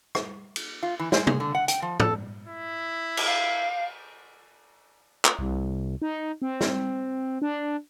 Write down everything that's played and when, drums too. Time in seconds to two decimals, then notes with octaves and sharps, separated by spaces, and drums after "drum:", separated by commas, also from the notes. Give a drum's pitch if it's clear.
0.15 drum: rim click
0.56 drum: cymbal
0.83 F4
0.99 E3
1.12 G#3, drum: snare
1.27 G#4, drum: tom
1.40 D3
1.55 F#5
1.68 G5, drum: hi-hat
1.82 F3
2.00 A4, drum: tom
2.48 E4
3.17 drum: cymbal
3.28 F5
5.25 drum: clap
5.39 C2
6.02 D#4
6.42 C4
6.61 drum: snare
7.42 D4